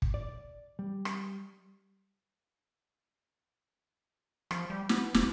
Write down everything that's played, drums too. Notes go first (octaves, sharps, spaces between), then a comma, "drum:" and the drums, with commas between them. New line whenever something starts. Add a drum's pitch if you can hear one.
drum: kick
D5
G3
drum: rim click
F3, drum: rim click
G3
B3, drum: snare
F1, drum: snare